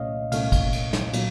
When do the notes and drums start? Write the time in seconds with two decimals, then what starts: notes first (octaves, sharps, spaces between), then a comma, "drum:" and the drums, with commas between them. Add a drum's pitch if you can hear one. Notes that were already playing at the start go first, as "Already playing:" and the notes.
Already playing: C2 A#2 A3 C#4 C#5 D#5 F5
0.32 C2 A#2 A3 C#4 F5, drum: cymbal
0.52 drum: kick G#1, cymbal
0.73 drum: cymbal
0.93 drum: snare
1.13 A#2 F#3 A#3, drum: cymbal